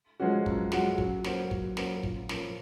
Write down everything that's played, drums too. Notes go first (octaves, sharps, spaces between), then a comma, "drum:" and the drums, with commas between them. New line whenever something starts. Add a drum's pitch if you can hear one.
F3 G#3 C#4 F#4
F#2, drum: kick
F3 G#3 C#4 F#4, drum: snare
F#3, drum: kick
A#3 C#4 F#4 C5, drum: snare
F#3, drum: kick
A#3 C#4 F#4 C5, drum: snare
A#2, drum: kick
F3 A#3 C#4, drum: snare